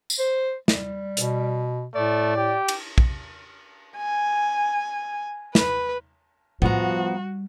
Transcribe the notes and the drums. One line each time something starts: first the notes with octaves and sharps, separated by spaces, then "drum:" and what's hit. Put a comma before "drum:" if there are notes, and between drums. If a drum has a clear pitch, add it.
drum: tambourine
C5
G3, drum: snare
B2, drum: hi-hat
A2 A3 D5
G4
drum: cymbal
drum: kick
G#5
B4, drum: snare
F3 G3 B3 F#4 F5 A#5, drum: tom A2